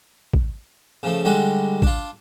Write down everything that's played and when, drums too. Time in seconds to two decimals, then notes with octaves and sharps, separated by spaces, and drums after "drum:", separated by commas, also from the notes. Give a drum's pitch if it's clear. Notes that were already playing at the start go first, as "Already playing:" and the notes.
0.33 drum: kick
1.03 C#3 F3 A3
1.25 D3 G3 G#3 F#4
1.82 D4 F4, drum: kick